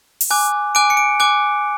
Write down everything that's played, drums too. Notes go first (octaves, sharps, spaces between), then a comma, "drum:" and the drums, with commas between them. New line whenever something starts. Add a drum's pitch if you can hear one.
drum: open hi-hat
G#5 D6 F#6
G#5 D6 F#6 D7
C#7
D7
G#5 D6 F#6